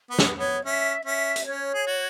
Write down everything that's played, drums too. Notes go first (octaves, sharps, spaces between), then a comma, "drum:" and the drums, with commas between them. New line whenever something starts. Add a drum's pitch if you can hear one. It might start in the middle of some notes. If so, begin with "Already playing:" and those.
B3 B4
C#5, drum: snare
B4
B3 C#5
C#4 E5
C#4 E5
drum: hi-hat
C#4 C#5
G#4
F#4